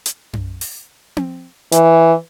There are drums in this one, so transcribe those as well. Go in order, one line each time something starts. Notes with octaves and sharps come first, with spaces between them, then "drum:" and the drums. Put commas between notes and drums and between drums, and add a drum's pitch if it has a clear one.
drum: hi-hat
drum: tom F#2
drum: open hi-hat
drum: tom C4
E3, drum: hi-hat